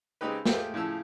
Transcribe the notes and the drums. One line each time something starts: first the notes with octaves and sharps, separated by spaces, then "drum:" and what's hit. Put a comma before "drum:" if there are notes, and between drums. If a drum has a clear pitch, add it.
C#3 G#3 C4 D#4 G4 B4
G#3 A3 F4 G4 G5, drum: snare
A2 C#3 F3 E6